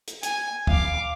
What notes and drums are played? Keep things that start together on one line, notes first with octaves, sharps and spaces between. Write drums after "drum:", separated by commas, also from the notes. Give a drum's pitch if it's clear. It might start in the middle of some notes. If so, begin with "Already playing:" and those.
drum: hi-hat
G#5, drum: hi-hat
F5 D6, drum: kick